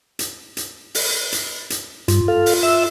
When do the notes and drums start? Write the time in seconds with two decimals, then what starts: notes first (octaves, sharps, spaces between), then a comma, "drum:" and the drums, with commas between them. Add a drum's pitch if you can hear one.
0.19 drum: hi-hat
0.57 drum: hi-hat
0.95 drum: open hi-hat
1.32 drum: hi-hat
1.70 drum: hi-hat
2.08 G2 F4, drum: hi-hat
2.28 A4 F5
2.46 drum: open hi-hat
2.63 E5 E6